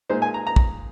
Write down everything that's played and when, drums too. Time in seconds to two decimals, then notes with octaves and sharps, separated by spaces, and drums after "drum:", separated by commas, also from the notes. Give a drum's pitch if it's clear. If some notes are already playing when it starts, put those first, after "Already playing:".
0.10 A#2 G#3 D#4 C5
0.22 G#5
0.34 A#5
0.47 A#5
0.56 drum: kick